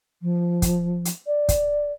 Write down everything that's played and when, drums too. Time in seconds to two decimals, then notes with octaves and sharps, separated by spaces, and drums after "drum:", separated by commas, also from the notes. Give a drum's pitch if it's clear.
0.22 F3
0.62 drum: kick, hi-hat
1.05 drum: hi-hat
1.27 D5
1.49 drum: kick, hi-hat